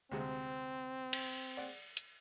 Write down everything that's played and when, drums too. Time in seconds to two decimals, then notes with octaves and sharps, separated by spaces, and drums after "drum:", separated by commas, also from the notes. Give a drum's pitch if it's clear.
0.11 D2 C3 G#3 C4
1.13 drum: cymbal
1.57 D5 F#5
1.97 drum: hi-hat